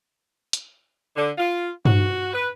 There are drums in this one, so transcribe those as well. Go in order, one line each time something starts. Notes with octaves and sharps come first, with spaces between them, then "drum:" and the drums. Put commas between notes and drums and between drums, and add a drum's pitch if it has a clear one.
drum: hi-hat
D3
F4
F#4, drum: tom G2
B4